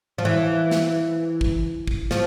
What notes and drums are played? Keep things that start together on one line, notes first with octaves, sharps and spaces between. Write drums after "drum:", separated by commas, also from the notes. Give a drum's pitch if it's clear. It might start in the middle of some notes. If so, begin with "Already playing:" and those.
F3
E3
drum: snare
drum: kick
drum: kick
F3, drum: snare